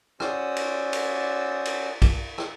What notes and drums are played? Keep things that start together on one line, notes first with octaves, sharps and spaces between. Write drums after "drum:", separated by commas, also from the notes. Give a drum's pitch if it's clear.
C#4 F#4 C5 D5 D#6 E6, drum: rim click
drum: cymbal
drum: cymbal
drum: cymbal
drum: kick, cymbal
drum: rim click